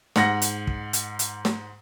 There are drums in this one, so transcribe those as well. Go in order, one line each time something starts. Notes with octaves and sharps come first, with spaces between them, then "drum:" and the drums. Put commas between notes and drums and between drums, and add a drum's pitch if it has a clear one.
G#2 F#5 A#6, drum: snare
drum: hi-hat
drum: kick
drum: hi-hat
drum: hi-hat
drum: snare